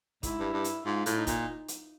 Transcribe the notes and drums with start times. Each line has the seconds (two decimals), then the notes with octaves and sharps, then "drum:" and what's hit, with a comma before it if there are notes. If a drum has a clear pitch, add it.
0.23 G#2 E4, drum: kick, hi-hat
0.39 G2
0.53 G2
0.64 drum: hi-hat
0.85 G#2 F4
1.06 A2, drum: hi-hat
1.16 D#4
1.27 A#2, drum: kick, hi-hat
1.68 drum: hi-hat